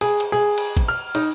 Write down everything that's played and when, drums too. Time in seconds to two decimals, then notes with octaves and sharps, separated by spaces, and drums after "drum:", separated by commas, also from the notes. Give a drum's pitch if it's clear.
0.01 G#4, drum: cymbal
0.20 drum: cymbal
0.32 G#4
0.58 drum: cymbal
0.77 drum: kick, cymbal
0.88 F6
1.15 D#4, drum: cymbal